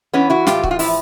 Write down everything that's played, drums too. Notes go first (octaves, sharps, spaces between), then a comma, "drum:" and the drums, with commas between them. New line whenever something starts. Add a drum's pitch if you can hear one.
E3 B3 C#4
E4 F#4
A2 F4 G4, drum: snare
F#4, drum: kick C#1
F4
F3 E4, drum: open hi-hat